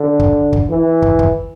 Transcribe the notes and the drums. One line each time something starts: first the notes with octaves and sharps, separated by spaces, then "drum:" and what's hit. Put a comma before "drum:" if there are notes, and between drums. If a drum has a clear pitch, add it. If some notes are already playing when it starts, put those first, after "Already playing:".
Already playing: D3
drum: kick
drum: kick
E3
drum: kick
drum: kick